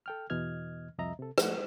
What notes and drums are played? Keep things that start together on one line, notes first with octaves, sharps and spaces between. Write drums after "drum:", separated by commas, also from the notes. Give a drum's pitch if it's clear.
A4 G5 F6
E2 B2 E3 D#5 F6 G#6
C2 F2 D#5 E5 A#5
C3 A4
F3 A3 F#5, drum: rim click